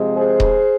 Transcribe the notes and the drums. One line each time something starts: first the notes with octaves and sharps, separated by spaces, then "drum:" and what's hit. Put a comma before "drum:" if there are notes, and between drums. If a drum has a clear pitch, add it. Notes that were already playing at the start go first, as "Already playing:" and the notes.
Already playing: C3 F3 G#3 C4
G#4 C5
drum: kick D#1